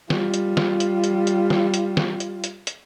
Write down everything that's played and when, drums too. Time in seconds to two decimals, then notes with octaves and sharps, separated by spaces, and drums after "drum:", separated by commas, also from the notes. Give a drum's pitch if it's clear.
0.10 G3 F4, drum: snare
0.34 drum: hi-hat
0.57 drum: snare
0.80 drum: hi-hat
1.04 drum: hi-hat
1.27 drum: hi-hat
1.50 drum: snare
1.74 drum: hi-hat
1.97 drum: snare
2.20 drum: hi-hat
2.44 drum: hi-hat
2.67 drum: hi-hat